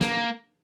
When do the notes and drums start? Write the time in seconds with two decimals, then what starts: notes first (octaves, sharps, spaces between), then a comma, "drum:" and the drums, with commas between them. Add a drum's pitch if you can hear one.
0.01 A#3, drum: snare